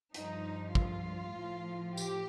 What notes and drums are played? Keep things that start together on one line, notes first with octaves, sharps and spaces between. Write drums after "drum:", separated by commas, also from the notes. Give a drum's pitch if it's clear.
G2 F3 D#4, drum: hi-hat
F4, drum: kick
A2 F3
G4, drum: tambourine